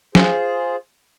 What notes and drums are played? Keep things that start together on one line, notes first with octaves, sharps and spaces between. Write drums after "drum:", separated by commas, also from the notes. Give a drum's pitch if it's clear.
F4 G#4 C5, drum: snare